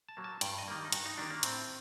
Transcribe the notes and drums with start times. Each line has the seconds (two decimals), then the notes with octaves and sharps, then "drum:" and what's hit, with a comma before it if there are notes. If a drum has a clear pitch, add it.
0.09 A5
0.17 F#3 A#3
0.24 A5
0.41 G2 G5, drum: hi-hat
0.58 D#5
0.68 D#3 G3 A#3
0.85 D#4
0.92 G2 F#4, drum: hi-hat
1.06 D#4
1.18 D#3 G3 A#3 D4
1.30 A#3
1.43 A2 C4, drum: hi-hat